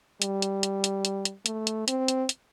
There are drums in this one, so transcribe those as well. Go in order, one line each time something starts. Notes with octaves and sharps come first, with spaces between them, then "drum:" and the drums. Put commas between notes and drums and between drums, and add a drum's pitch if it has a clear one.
G3, drum: hi-hat
drum: hi-hat
drum: hi-hat
drum: hi-hat
drum: hi-hat
drum: hi-hat
A3, drum: hi-hat
drum: hi-hat
C4, drum: hi-hat
drum: hi-hat
drum: hi-hat